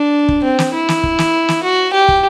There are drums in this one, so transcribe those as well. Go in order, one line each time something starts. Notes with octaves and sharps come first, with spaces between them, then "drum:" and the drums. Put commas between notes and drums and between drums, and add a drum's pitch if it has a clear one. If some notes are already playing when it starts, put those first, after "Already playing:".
Already playing: D4
drum: kick
C4
drum: snare
E4
drum: snare
drum: kick
drum: snare
drum: snare
F#4
G4
drum: kick